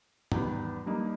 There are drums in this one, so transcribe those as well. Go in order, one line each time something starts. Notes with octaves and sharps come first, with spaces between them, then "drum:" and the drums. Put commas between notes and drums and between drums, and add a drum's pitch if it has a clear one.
E2 D#3 G3 B3, drum: tom
G2 G3 A#3 D#4